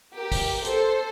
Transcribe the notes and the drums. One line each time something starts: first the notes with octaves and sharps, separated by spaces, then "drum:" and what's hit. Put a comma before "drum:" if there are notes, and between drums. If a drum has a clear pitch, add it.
G4 A#4
drum: kick, open hi-hat
A4 C5, drum: hi-hat